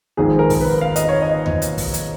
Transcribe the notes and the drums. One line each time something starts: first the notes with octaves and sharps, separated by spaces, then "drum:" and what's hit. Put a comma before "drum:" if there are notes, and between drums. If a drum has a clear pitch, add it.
G#1 G#2 F3 G#4
A#4
drum: kick, open hi-hat
B4
F5
D#5, drum: hi-hat
C#5
D#5
drum: tom D#2
drum: hi-hat
drum: kick, open hi-hat
drum: hi-hat